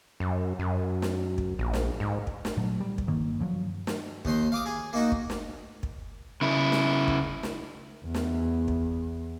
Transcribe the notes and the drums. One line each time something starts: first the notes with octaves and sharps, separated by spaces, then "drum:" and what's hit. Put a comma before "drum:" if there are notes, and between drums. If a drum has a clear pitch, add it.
F#2
F#2
drum: snare
drum: kick
A#1
drum: snare
G#2
drum: kick
drum: snare
A#2 F#3 A3
G3
drum: kick
G2 D#3 A#3
G2 F3 F#3
drum: snare
D#2 D#3 C6, drum: kick
F5 D6 D#6
G#4
A#3 D#4 F#4
drum: kick
drum: snare
drum: kick
C#3 E4
drum: snare
drum: kick
drum: snare
E2
drum: snare
drum: kick